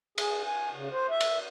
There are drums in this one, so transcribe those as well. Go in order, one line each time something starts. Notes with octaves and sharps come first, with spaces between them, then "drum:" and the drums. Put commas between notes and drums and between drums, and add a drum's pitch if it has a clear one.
G#4, drum: cymbal
G#5
C#3
C5
E5
drum: cymbal